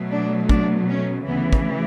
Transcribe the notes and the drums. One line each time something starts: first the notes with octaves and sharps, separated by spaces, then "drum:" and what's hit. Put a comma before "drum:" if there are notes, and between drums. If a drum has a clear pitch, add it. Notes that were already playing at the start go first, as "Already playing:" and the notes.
Already playing: B2 F#3 A3
D4
D4, drum: kick
C#4
D2 C#3 E3 B3
drum: kick